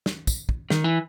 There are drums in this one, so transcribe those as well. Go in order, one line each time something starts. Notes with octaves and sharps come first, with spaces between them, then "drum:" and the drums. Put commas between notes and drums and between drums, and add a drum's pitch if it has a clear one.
drum: snare
drum: kick, tambourine
drum: kick
D#3, drum: snare
E3